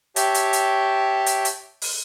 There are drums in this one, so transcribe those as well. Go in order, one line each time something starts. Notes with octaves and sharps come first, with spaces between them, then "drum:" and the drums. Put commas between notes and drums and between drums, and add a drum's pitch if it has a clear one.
G4 C#5 E5 G5 A5, drum: hi-hat
drum: hi-hat
drum: hi-hat
drum: hi-hat
drum: hi-hat
drum: open hi-hat